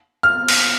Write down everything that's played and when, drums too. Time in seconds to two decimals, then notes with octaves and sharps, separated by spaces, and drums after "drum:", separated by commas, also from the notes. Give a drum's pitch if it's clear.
0.23 F6
0.48 drum: cymbal